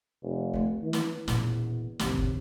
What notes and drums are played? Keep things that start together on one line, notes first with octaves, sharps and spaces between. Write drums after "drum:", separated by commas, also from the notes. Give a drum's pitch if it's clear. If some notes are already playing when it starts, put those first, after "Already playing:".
F1
A3 B3
E3
drum: snare
E1 E2 A#2, drum: snare
A1 D#2 C3, drum: snare
drum: kick